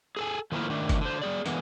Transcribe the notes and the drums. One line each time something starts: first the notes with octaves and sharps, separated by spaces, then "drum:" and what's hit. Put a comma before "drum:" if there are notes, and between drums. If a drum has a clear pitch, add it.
G#4 A4 G#5
D#3 F3 A3 A#3 E4 A#4
D#3 A3 D4
drum: kick F#1, hi-hat
D3 C5
G3 G#4 D5
D3 E3 G#3 A#3 B3, drum: hi-hat